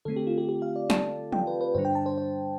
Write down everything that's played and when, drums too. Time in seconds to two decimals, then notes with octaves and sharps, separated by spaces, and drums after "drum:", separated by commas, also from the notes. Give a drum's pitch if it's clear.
0.05 D3 A3 C4 A4
0.16 G4
0.27 F4
0.38 G4
0.49 G4
0.62 F5
0.76 D5
0.90 A5, drum: snare
1.32 G5, drum: tom
1.47 B4
1.61 B4
1.75 G2 D3 G3 D4 C5
1.85 G5
1.95 A5
2.06 C5
2.18 C5